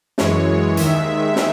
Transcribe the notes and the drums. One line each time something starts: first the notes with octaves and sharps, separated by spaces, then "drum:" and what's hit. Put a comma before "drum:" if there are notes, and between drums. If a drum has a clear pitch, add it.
F#2 E3 G#3 C#5, drum: snare
D#2 D#3 G#3 E5, drum: hi-hat
drum: snare